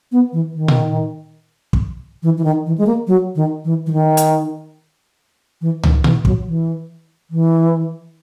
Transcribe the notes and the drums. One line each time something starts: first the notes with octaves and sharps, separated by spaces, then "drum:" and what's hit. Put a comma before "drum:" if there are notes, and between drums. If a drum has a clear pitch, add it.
B3
E3
D#3
drum: tom A#2
drum: kick
E3
E3
D#3
E3
G#3
A#3
F#3
D#3
E3
E3
D#3
drum: hi-hat
E3
D#3, drum: tom
E3, drum: tom A#2
F#3, drum: kick
E3
E3